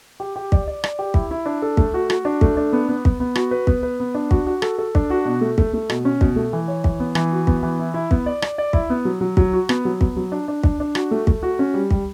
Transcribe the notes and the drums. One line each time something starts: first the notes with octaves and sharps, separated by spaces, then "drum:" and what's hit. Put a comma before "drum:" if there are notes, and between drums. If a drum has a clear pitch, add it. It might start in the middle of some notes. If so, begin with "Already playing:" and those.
G4
G4
D5, drum: kick
D5
D5, drum: rim click
G4
E4, drum: kick
E4
D4
A4
A3, drum: kick
F#4
F#4, drum: rim click
D4
A3, drum: kick
D4
B3
B3
B3, drum: kick
B3
F#4, drum: rim click
B4
B3, drum: kick
B4
B3
D4
F#4, drum: kick
F#4
A4, drum: rim click
A4
D4, drum: kick
F#4
B2
A3
A3, drum: kick
A3
B2, drum: rim click
C#4
B2, drum: kick
A3
E3
C#5
E3, drum: kick
B3
E3, drum: rim click
F#4
B3, drum: kick
E3
E4
E4
B3, drum: kick
D5
D5, drum: rim click
D5
E4, drum: kick
B3
F#3
F#3
F#3, drum: kick
F#4
B3, drum: rim click
F#3
B3, drum: kick
F#3
D4
D4
D4, drum: kick
D4
F#4, drum: rim click
A3
A3, drum: kick
F#4
C#4
G3
G3, drum: kick